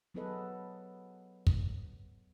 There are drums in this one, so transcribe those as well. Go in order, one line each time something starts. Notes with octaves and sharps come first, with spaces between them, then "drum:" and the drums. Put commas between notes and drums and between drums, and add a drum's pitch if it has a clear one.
F#3 B3 G#4 A4 B4 D#5
drum: kick